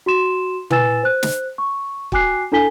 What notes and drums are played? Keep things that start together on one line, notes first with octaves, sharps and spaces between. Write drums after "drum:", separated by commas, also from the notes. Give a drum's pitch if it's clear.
F#4 C6 E7
E4 B4 G#5 E6 A6 E7, drum: tom
C5 F#6
drum: snare
C#6
F#4 G5 G#5 D6 F#6 C7, drum: kick
D4 E4 A4 G#5 B6 G7